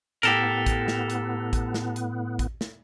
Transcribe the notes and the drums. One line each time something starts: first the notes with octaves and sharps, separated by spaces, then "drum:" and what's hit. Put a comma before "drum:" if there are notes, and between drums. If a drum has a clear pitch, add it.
A2 B3 G4 A4 A#4, drum: hi-hat
drum: kick A1, hi-hat
drum: snare
drum: hi-hat
drum: kick A1, hi-hat
drum: snare
drum: hi-hat
drum: kick A1, hi-hat
drum: snare